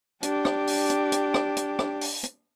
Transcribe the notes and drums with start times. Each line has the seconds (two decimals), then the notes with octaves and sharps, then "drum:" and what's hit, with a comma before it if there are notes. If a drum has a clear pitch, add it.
0.23 D4 G4, drum: hi-hat
0.45 drum: rim click
0.67 drum: open hi-hat
0.90 drum: hi-hat
1.12 drum: hi-hat
1.34 drum: rim click
1.57 drum: hi-hat
1.79 drum: rim click
2.01 drum: open hi-hat
2.24 drum: hi-hat